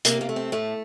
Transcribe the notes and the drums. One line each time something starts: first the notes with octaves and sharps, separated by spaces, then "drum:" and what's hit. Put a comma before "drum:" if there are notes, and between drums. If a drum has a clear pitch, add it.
C3 A#3, drum: hi-hat
A#3
A3
C4
A2 A3